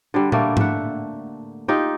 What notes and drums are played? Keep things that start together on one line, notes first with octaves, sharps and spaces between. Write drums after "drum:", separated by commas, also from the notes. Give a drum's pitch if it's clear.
D3 G3
G3 A3 A#3, drum: tom A#2
E5 F#5, drum: tom G#2
D#4 F4 G4